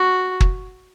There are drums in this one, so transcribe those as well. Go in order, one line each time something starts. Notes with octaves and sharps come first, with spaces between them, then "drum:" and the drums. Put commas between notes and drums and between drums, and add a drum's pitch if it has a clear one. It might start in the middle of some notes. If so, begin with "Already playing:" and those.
Already playing: F#4
drum: kick